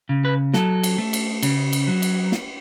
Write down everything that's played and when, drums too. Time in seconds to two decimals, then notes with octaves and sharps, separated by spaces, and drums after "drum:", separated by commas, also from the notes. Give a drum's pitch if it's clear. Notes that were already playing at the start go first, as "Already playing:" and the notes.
0.09 C#3
0.25 B4
0.53 F#3 A4, drum: snare
0.83 drum: cymbal
0.98 A3
1.13 drum: cymbal
1.43 C#3, drum: cymbal
1.73 drum: cymbal
1.87 F#3
2.02 drum: cymbal
2.32 drum: snare